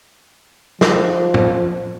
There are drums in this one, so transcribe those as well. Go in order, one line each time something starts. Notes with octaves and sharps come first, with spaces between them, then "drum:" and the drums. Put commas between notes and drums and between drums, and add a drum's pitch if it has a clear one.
F3, drum: snare
drum: tom A2